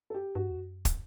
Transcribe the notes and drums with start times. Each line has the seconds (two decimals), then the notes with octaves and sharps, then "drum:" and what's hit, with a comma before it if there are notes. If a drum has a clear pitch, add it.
0.10 A4
0.14 G4
0.35 G2 F#4
0.51 E2
0.57 F#2
0.85 drum: kick, hi-hat